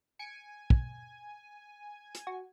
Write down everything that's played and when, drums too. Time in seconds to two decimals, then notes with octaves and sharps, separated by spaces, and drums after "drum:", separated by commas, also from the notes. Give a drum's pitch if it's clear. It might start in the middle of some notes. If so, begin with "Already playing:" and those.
0.19 G#5 C#7 D7
0.70 drum: kick
2.15 drum: hi-hat
2.27 F#4